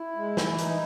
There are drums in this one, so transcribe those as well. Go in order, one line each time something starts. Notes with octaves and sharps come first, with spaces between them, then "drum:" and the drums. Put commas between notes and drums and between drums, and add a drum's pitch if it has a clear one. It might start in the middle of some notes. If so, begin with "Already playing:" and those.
Already playing: E4
G#3
E3, drum: snare
D#4, drum: hi-hat